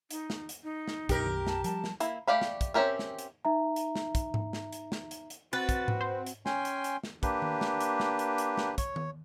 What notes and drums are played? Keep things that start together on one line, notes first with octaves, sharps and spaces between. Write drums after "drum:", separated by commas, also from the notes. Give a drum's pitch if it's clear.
D#4, drum: hi-hat
drum: snare
drum: hi-hat
D#4
drum: snare
B1 F#2 B2 G4 A#4, drum: kick, hi-hat
drum: tom D#3
A5, drum: snare
F3 G3 A5, drum: hi-hat
drum: snare
A#3 E4, drum: hi-hat
A3 G4 D5 F5 B5
drum: snare
drum: kick, hi-hat
C4 C#4 G4 A#4 E5
drum: snare
drum: hi-hat
D#4 E5 A#5
drum: hi-hat
drum: snare
drum: kick, hi-hat
drum: tom G#2
drum: snare
drum: hi-hat
drum: snare
drum: hi-hat
drum: hi-hat
C4 F#4 B4 A6
drum: kick, hi-hat
drum: tom G#2
C5
drum: hi-hat
C#4 G5 G#5 C6, drum: snare
drum: hi-hat
drum: hi-hat
drum: snare
A#3 D4 G4 B4, drum: kick, hi-hat
drum: tom D#3
drum: snare
drum: hi-hat
drum: snare
drum: hi-hat
drum: hi-hat
drum: snare
C#5, drum: kick, hi-hat
drum: tom D#3